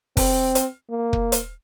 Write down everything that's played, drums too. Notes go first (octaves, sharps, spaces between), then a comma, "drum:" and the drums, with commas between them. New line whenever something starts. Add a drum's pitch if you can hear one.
C4, drum: kick, open hi-hat
drum: hi-hat
A#3
drum: kick
drum: hi-hat